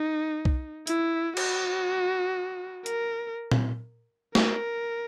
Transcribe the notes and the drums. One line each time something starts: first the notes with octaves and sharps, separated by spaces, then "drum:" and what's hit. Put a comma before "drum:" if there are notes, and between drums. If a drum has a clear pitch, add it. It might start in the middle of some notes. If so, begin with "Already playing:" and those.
Already playing: D#4
drum: kick B1
E4, drum: hi-hat
F#4, drum: cymbal
A#4, drum: hi-hat
drum: tom A#2
A#4, drum: snare